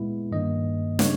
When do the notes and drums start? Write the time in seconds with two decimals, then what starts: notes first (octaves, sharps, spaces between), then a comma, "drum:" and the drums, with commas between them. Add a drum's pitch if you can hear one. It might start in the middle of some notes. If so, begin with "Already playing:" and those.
Already playing: A#2 G#3 B3 E4
0.32 G2 D#3 A#3 D#5
0.99 C#3 G3 B3 C#5, drum: snare